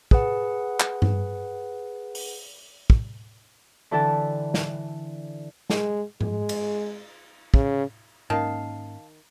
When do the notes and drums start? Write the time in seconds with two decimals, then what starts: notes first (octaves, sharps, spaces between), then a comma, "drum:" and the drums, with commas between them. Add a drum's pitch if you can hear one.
0.11 G#4 B4 F#5, drum: kick
0.80 drum: clap
1.02 drum: tom G2
2.15 drum: open hi-hat
2.90 drum: kick
3.91 D3 E3 E4 A4 G5 A5
4.54 drum: snare
5.70 G#3, drum: snare
6.21 G#3, drum: tom G#2
6.49 drum: cymbal
7.54 C#3, drum: kick
8.30 G#2 D#3 A#3 C#4 F5 A5